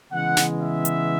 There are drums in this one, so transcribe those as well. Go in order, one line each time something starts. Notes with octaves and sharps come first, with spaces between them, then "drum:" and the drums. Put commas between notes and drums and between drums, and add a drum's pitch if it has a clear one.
C#3 E3 G#3 B3 F#5
drum: snare
E5
drum: hi-hat